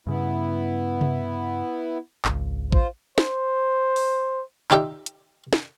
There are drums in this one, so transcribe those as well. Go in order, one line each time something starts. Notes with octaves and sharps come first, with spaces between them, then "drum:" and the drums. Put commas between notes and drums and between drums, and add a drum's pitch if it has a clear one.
G2 C#3 B3 E4
drum: tom C3
G#1 C#2, drum: clap
F4 C5, drum: kick A1
C5, drum: snare
drum: open hi-hat
D#4 F4 G4 D5 E5, drum: clap
drum: hi-hat
drum: snare